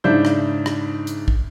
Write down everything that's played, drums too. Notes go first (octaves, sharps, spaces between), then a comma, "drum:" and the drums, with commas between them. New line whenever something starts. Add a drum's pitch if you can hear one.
G#2 C#3 D4 E4 C5 G6
drum: rim click
drum: rim click
drum: hi-hat
drum: kick